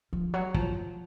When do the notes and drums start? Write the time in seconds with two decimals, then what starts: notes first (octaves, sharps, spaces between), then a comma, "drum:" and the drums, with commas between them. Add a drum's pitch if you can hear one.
0.13 F3
0.34 F#3
0.55 F3, drum: kick